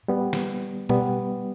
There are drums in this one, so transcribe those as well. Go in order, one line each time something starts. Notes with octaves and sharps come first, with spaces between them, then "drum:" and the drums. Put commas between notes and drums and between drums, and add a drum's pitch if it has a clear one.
G3 B3
drum: snare
G3 B3, drum: tom